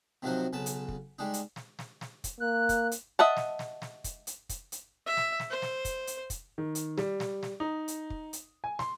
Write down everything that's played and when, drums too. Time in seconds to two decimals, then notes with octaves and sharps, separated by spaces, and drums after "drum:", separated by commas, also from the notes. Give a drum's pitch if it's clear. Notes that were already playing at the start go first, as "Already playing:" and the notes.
0.22 C3 D#3 F3 F#3 F#4 C5
0.53 B1 C#3 B4 A5
0.66 drum: hi-hat
0.88 drum: kick
1.19 G3 G#3 D4 D#4
1.34 drum: hi-hat
1.56 drum: snare
1.79 drum: snare
2.01 drum: snare
2.24 drum: kick, hi-hat
2.40 A#3 F#6
2.69 drum: kick, hi-hat
2.92 drum: hi-hat
3.19 D#5 E5 F#5 A5
3.37 drum: snare
3.59 drum: snare
3.82 drum: snare
4.04 drum: kick, hi-hat
4.27 drum: hi-hat
4.49 drum: kick, hi-hat
4.72 drum: hi-hat
5.06 E5
5.17 drum: snare
5.40 drum: snare
5.50 C5
5.62 drum: snare
5.85 drum: kick, hi-hat
6.07 drum: hi-hat
6.30 drum: kick, hi-hat
6.58 D#3
6.75 drum: hi-hat
6.98 G3, drum: snare
7.20 drum: snare
7.43 drum: snare
7.60 D#4
7.88 drum: hi-hat
8.10 drum: kick
8.33 drum: hi-hat
8.64 G#5
8.79 C6, drum: snare